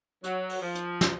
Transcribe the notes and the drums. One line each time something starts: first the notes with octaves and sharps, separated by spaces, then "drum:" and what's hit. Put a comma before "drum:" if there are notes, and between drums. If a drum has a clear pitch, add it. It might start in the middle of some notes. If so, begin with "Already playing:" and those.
F#3, drum: hi-hat
drum: open hi-hat
F3
drum: hi-hat
drum: snare